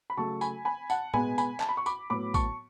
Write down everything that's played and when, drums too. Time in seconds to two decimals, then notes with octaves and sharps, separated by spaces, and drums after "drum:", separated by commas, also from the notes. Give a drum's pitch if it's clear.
0.10 B5
0.17 C#3 F#3 A3 A5 C#6
0.41 G#5 B5, drum: tambourine
0.65 G#5 B5
0.90 F#5 A5, drum: tambourine
1.14 B2 G#3 B3 G#5 B5, drum: tom A2
1.38 G#5 B5, drum: tambourine
1.60 A5, drum: clap
1.69 B5
1.77 C#6
1.86 B5 D6, drum: tambourine
2.10 A2 F#3 B3 B5 D6
2.34 A5 C#6, drum: kick, tambourine